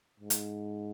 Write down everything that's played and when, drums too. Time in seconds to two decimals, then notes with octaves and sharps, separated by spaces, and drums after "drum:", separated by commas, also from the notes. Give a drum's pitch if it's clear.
0.20 G#2
0.30 drum: hi-hat